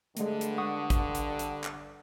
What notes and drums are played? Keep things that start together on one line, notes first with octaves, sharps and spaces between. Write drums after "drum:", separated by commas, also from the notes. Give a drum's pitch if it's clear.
G2 D3 G#3 A3, drum: hi-hat
drum: hi-hat
F#5 C#6 D#6
drum: kick, hi-hat
drum: hi-hat
drum: hi-hat
drum: clap